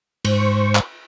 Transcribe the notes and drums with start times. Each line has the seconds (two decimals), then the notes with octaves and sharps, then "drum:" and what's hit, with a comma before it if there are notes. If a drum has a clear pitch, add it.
0.25 G#2 C5 C#6, drum: cymbal
0.75 drum: clap